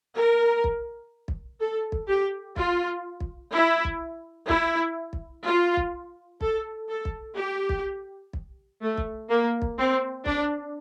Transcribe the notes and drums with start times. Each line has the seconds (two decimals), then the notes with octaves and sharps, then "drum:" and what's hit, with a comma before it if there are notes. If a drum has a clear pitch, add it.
0.16 A#4
0.64 drum: kick
1.28 drum: kick
1.60 A4
1.92 drum: kick
2.08 G4
2.56 F4, drum: kick
3.20 drum: kick
3.52 E4
3.85 drum: kick
4.49 E4, drum: kick
5.13 drum: kick
5.44 F4
5.77 drum: kick
6.41 A4, drum: kick
6.89 A4
7.05 drum: kick
7.37 G4
7.69 drum: kick
8.33 drum: kick
8.82 A3
8.98 drum: kick
9.29 A#3
9.62 drum: kick
9.78 C4
10.26 D4, drum: kick